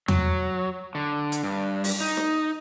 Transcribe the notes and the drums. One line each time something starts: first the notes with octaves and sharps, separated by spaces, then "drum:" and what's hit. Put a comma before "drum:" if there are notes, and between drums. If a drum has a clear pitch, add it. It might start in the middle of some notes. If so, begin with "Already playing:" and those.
F#3, drum: tom E2
D3
drum: hi-hat
G2
drum: open hi-hat
D#4
drum: snare